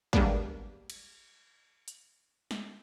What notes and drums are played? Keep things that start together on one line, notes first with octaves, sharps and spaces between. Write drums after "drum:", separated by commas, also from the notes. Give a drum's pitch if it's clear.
G3 G#3 A#3 B3 D4, drum: kick
drum: cymbal
drum: hi-hat
drum: snare